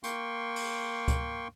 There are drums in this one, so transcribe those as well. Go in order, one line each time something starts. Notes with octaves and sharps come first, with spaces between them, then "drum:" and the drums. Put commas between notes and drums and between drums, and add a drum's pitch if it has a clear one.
A#3 G5 C6 C#6, drum: hi-hat
drum: open hi-hat
drum: kick C#2, hi-hat